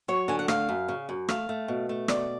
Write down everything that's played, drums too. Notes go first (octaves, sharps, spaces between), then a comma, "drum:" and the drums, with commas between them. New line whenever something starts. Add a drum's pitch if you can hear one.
F#3 C#5
D3 G#5
F#5
A3 F5, drum: rim click
F#2
C#3
F#2
A3 F5, drum: rim click
A3
B2
A3
B2 D5, drum: rim click